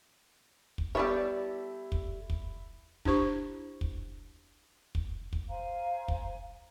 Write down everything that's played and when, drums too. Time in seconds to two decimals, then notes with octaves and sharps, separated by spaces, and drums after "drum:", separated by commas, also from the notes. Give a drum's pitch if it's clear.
0.78 drum: kick
0.95 G3 B3 E4 G4 A4 C#5 D5
1.92 drum: kick
2.30 drum: kick
3.05 D4 E4 G4 C5 C#6, drum: kick
3.81 drum: kick
4.95 drum: kick
5.33 drum: kick
5.49 C5 F5 G#5 A#5
6.08 drum: kick